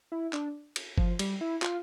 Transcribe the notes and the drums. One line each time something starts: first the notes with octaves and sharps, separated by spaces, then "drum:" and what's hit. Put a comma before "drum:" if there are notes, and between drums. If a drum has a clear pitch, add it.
E4
D4, drum: clap
drum: cymbal
F3, drum: kick G1
G3, drum: cymbal
E4
F4, drum: clap